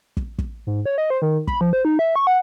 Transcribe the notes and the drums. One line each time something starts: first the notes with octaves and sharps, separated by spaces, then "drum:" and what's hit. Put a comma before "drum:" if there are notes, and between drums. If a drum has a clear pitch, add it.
drum: kick
drum: kick
G#2
C#5
D#5
C5
D#3
B5, drum: kick
F3
C5
D#4
E5
C#6
F#5